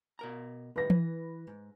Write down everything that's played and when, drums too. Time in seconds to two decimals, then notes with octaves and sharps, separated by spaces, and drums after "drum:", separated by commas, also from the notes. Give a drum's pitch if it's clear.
0.19 B2 A#4 A#5
0.76 A2 D#3 G3 B4 A#6
0.90 E3, drum: tom E3
1.48 G#2